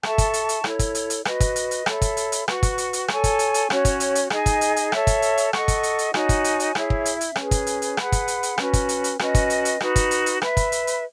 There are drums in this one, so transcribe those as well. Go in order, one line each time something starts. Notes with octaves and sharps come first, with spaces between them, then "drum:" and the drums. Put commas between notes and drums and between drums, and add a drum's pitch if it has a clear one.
A4 E5 A5 C#6, drum: rim click
drum: kick, hi-hat
drum: hi-hat
drum: hi-hat
E4 A4 C#5, drum: rim click
drum: kick, hi-hat
drum: hi-hat
drum: hi-hat
F#4 B4 D#5, drum: rim click
drum: kick, hi-hat
drum: hi-hat
drum: hi-hat
A4 C#5 E5 B5, drum: rim click
drum: kick, hi-hat
drum: hi-hat
drum: hi-hat
F#4 B4 F#5 C#6, drum: rim click
drum: kick, hi-hat
drum: hi-hat
drum: hi-hat
A4 C#5 G#5 C#6, drum: rim click
drum: kick, hi-hat
drum: hi-hat
drum: hi-hat
C#4 F#4 C#5, drum: rim click
drum: kick, hi-hat
drum: hi-hat
drum: hi-hat
D#4 G#4 D#5 G#5, drum: rim click
drum: kick, hi-hat
drum: hi-hat
drum: hi-hat
A4 C#5 E5, drum: rim click
drum: kick, hi-hat
drum: hi-hat
drum: hi-hat
A4 D#5 F#5 C#6, drum: rim click
drum: kick, hi-hat
drum: hi-hat
drum: hi-hat
D#4 F#4 C#5 G#5, drum: rim click
drum: kick, hi-hat
drum: hi-hat
drum: hi-hat
E4 G#4 C#5 E5, drum: rim click
drum: kick
drum: hi-hat
drum: hi-hat
C#4 G#4 B4, drum: rim click
drum: kick, hi-hat
drum: hi-hat
drum: hi-hat
G#4 B4 F#5 B5, drum: rim click
drum: kick, hi-hat
drum: hi-hat
drum: hi-hat
C#4 F#4 B4, drum: rim click
drum: kick, hi-hat
drum: hi-hat
drum: hi-hat
C#4 F#4 B4 D#5, drum: rim click
drum: kick, hi-hat
drum: hi-hat
drum: hi-hat
D#4 F#4 B4, drum: rim click
drum: kick, hi-hat
drum: hi-hat
drum: hi-hat
B4 E5 B5, drum: rim click
drum: kick, hi-hat
drum: hi-hat
drum: hi-hat